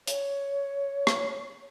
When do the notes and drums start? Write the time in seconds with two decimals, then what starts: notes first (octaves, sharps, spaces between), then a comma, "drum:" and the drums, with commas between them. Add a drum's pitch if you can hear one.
0.07 C#5, drum: hi-hat
1.07 drum: rim click